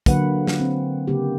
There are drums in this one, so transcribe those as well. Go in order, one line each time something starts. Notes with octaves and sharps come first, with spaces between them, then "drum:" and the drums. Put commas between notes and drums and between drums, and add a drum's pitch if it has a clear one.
D3 F#3 A#3 B4 F#5, drum: kick, hi-hat
drum: snare
C4
C#3 A#3 G4